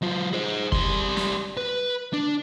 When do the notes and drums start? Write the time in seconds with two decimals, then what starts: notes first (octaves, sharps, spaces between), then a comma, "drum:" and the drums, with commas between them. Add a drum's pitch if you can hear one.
0.02 F#3 F4
0.33 G#4 C5
0.72 G3 C6, drum: kick
1.17 drum: snare
1.57 B4
2.13 D4